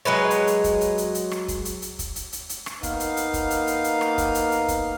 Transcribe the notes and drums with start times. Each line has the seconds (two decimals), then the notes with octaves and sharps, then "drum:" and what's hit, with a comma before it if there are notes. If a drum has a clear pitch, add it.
0.05 F#3 G#3 B4 C#5
0.30 drum: hi-hat
0.47 drum: hi-hat
0.64 drum: kick, hi-hat
0.81 drum: hi-hat
0.98 drum: hi-hat
1.15 drum: hi-hat
1.31 drum: rim click
1.48 drum: kick, hi-hat
1.65 drum: hi-hat
1.82 drum: hi-hat
1.99 drum: kick, hi-hat
2.16 drum: hi-hat
2.33 drum: hi-hat
2.49 drum: hi-hat
2.66 drum: rim click
2.83 A#3 B3 D#4 F5, drum: kick, hi-hat
3.00 drum: hi-hat
3.17 drum: hi-hat
3.34 drum: kick, hi-hat
3.50 drum: hi-hat
3.67 drum: hi-hat
3.84 drum: hi-hat
4.01 drum: rim click
4.18 drum: kick, hi-hat
4.35 drum: hi-hat
4.52 drum: hi-hat
4.68 drum: kick, hi-hat